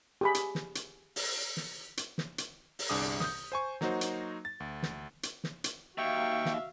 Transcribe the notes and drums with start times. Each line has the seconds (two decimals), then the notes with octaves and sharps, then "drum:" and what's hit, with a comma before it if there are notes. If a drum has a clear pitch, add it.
0.21 G4 G#4 B5
0.35 drum: hi-hat
0.55 drum: snare
0.75 drum: hi-hat
1.16 drum: open hi-hat
1.57 drum: snare
1.97 drum: hi-hat
2.18 drum: snare
2.38 drum: hi-hat
2.79 drum: open hi-hat
2.89 G1 C2 D4 G#4 D6 D#6
3.20 D#6 G6, drum: snare
3.52 C5 G#5 C#6
3.81 F#3 A#3 D#4 F#4 C5, drum: snare
4.01 drum: hi-hat
4.45 A6
4.60 D2
4.83 drum: snare
5.23 drum: hi-hat
5.44 drum: snare
5.64 drum: hi-hat
5.98 D#2 F#4 E5 F5 G5 C#6
6.45 drum: snare